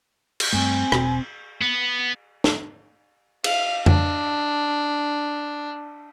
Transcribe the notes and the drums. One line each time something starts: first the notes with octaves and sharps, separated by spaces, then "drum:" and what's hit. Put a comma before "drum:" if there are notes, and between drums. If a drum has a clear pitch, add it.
drum: cymbal
G2 G3 A3 C4 G#5
E1 B2, drum: rim click
B3
drum: snare
F5, drum: cymbal
D4, drum: tom F2